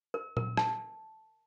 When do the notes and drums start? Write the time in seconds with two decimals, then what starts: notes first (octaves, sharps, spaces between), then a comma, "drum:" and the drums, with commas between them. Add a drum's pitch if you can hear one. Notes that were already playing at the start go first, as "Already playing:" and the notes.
0.14 A#4
0.37 A#4, drum: tom A#2
0.57 A5, drum: rim click